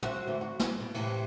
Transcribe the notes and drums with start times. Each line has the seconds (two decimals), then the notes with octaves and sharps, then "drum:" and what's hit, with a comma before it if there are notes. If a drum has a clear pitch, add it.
0.03 C4 F#4 E5, drum: tom
0.28 D2 E3 A3
0.41 F#4
0.60 E4, drum: snare
0.80 B2
0.94 A2 C3 E3, drum: cymbal